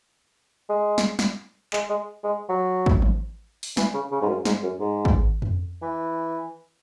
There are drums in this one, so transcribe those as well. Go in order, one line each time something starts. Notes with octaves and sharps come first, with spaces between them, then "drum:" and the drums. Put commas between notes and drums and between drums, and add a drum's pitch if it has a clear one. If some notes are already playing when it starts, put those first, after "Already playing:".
G#3
drum: snare
drum: snare
G#3, drum: clap
G#3
G#3
F#3
drum: kick
drum: tom E3
drum: open hi-hat
E3, drum: snare
C#3
C#3
G#2
F#2
G#2, drum: snare
F#2
G#2
drum: kick
drum: tom F2
E3